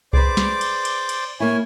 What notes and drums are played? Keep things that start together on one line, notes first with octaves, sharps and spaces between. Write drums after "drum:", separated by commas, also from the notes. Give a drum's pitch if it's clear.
G#4 B4 C5 D5 D6, drum: kick C2
drum: snare
drum: cymbal
drum: cymbal
drum: cymbal
A#3 E4 C#5 G#5